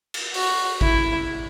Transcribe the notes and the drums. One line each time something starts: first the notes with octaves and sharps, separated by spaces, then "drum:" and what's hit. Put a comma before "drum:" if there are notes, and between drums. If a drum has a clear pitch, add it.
drum: cymbal
F#4, drum: open hi-hat
E4, drum: kick A1